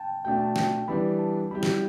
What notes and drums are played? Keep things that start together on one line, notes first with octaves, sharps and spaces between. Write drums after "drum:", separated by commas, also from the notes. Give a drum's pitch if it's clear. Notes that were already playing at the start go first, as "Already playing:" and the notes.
Already playing: G5 A5
B2 A3 D4 G5
A5
G5, drum: snare
E3 G3 B3 D4 B5
A5
G3 E4 G4 B5
drum: snare